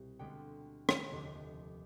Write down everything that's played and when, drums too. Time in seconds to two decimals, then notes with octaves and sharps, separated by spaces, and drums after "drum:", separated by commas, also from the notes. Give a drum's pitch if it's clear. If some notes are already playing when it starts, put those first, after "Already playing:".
Already playing: C2 B2 C4
0.19 D2 D3 G#3 B3 G5
0.89 drum: rim click
1.11 F1 D#2 D3 F3